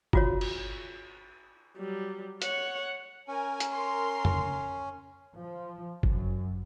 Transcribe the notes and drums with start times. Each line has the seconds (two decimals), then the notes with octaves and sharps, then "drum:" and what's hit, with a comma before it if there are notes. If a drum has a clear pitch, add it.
0.13 F4 F#4 C#5, drum: kick G1
0.41 drum: cymbal
1.77 F#3 G3
2.42 C#5 F#5, drum: hi-hat
3.28 C#4 A#4 G#5
3.60 drum: hi-hat
3.72 A#4 C6
4.25 drum: tom F2
5.35 F3
6.03 F#2, drum: kick G1